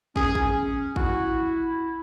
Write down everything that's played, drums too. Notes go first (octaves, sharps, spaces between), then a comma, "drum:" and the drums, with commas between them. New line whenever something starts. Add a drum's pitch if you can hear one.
C#4 G#4, drum: kick
drum: kick
E4 F#4, drum: kick